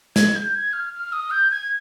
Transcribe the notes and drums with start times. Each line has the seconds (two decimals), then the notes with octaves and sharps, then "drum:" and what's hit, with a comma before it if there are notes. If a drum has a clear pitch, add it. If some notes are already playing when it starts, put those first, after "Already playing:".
0.16 G#6, drum: snare
0.35 G6
0.55 G#6
0.73 F6
0.93 F6
1.12 D#6
1.31 G6
1.51 G#6